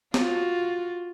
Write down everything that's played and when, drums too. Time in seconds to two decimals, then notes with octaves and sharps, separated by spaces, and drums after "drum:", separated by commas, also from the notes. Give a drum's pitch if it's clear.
0.14 F4 F#4, drum: snare